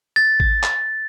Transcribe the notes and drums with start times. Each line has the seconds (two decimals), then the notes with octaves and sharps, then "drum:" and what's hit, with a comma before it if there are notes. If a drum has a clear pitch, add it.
0.16 A6
0.40 drum: kick G#1
0.63 drum: clap